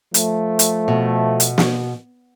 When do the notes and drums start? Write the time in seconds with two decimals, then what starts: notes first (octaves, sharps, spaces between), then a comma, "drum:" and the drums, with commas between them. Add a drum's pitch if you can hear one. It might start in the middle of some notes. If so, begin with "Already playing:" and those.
0.14 F3 A3, drum: hi-hat
0.59 drum: hi-hat
0.88 B2
1.40 drum: hi-hat
1.58 drum: snare